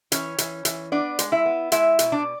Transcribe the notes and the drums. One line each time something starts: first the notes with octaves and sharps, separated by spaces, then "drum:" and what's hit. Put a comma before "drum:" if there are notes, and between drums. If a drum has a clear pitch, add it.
E3 C#4 C#5, drum: hi-hat
E3, drum: hi-hat
E3, drum: hi-hat
B3 D4 D5
G#3, drum: hi-hat
E4 E5
B3
G#3 E4 E5, drum: hi-hat
B2, drum: hi-hat
D4 D5